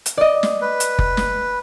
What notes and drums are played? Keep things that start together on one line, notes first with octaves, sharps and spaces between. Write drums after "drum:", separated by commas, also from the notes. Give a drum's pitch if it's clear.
drum: hi-hat
D5 D#5
drum: snare
B4
drum: hi-hat
drum: kick
drum: snare